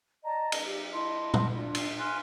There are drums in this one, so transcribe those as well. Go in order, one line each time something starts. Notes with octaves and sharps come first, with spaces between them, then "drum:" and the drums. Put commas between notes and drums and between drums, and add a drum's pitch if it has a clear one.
D5 D#5 A5 A#5
drum: cymbal
G4
E4 D#5 A5 C6
drum: tom A#2
D4 F4 D5
drum: cymbal
G#5 C6 F6 F#6